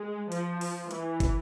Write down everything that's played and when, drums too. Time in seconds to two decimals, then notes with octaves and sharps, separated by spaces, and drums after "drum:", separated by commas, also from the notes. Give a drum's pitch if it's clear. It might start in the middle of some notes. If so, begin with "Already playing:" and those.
Already playing: G#3
0.32 F3, drum: hi-hat
0.61 drum: open hi-hat
0.91 E3, drum: hi-hat
1.20 drum: kick, hi-hat